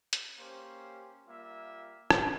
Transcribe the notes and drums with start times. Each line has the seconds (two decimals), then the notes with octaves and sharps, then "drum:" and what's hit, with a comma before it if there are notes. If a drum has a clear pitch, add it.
0.13 drum: hi-hat
0.38 A#3 C#4 G4 C5
1.27 G3 A#3 F4 E5
2.10 drum: rim click